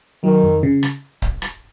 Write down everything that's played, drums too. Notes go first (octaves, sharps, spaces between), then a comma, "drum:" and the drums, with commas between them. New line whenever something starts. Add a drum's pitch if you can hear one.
D#3 F#3
F2
C#3
drum: rim click
drum: kick C#1
drum: rim click